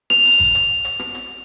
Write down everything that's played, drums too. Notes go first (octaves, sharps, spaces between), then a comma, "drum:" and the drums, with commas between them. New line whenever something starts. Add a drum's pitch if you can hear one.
F7, drum: rim click
drum: open hi-hat
drum: kick G#1
drum: hi-hat
drum: hi-hat
drum: rim click
drum: hi-hat